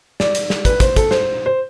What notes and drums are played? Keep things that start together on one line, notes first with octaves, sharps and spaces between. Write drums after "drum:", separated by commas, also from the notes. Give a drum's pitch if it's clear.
D5, drum: snare
drum: hi-hat
drum: snare
B4, drum: kick, hi-hat
C5, drum: kick, hi-hat
A4, drum: kick, hi-hat
C5, drum: snare
C5